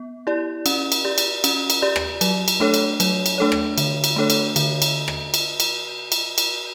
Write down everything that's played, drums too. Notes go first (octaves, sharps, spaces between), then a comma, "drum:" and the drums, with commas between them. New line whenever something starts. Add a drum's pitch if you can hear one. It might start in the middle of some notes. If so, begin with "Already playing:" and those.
Already playing: B3
E4 G4 D5
C#4, drum: cymbal
drum: cymbal
G4 D5
drum: cymbal
C#4, drum: cymbal
drum: cymbal
G4 D5
drum: rim click
F#3, drum: cymbal
drum: cymbal
A3 D4 A4 C#5
drum: cymbal
F#3, drum: cymbal
drum: cymbal
A3 D4 A4 C#5
drum: rim click
D3, drum: cymbal
drum: cymbal
A3 D4 A4 C#5
drum: cymbal
D3, drum: cymbal
drum: cymbal
drum: rim click
drum: cymbal
drum: cymbal
drum: cymbal
drum: cymbal